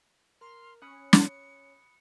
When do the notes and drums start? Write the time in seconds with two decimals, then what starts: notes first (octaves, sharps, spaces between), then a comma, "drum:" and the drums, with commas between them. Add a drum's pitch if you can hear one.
0.41 A#4 C6 F6
0.82 C#4 B5 D#6 F#6 C#7
1.13 drum: snare